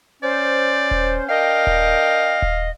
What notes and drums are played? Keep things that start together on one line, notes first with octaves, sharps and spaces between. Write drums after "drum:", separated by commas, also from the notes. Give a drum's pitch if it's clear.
C#4 C5 D5
drum: kick D#1
D4 A#4 D#5 F5 G5
drum: kick D#1
drum: kick D#1